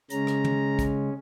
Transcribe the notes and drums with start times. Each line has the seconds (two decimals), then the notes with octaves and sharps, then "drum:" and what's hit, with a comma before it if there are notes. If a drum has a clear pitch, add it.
0.10 C#3 G#3 C#4 A#5, drum: hi-hat
0.27 drum: rim click
0.44 drum: tom
0.79 drum: kick, hi-hat